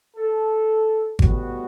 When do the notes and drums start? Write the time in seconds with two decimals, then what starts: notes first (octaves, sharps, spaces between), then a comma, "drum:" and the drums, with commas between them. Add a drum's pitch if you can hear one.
0.17 A4
1.19 A2 G3 B3 F#4, drum: kick G#1